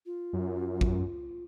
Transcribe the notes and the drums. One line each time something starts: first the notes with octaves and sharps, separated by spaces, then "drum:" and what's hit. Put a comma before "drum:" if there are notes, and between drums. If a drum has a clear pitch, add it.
F4
F#2
drum: kick